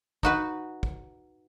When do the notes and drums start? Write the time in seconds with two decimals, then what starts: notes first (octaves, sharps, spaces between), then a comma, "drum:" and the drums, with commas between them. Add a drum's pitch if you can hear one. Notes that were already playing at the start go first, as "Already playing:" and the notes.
0.23 D#4 F#4 B4, drum: kick
0.83 drum: kick